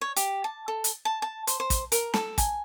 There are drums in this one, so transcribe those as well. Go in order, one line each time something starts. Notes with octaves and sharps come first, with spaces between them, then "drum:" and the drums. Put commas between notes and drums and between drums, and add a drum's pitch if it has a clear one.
C#5
G4, drum: hi-hat
A5
A4
drum: hi-hat
A5
A5
C5, drum: hi-hat
C5
drum: kick, hi-hat
A#4, drum: hi-hat
A4, drum: snare
G#5, drum: kick, hi-hat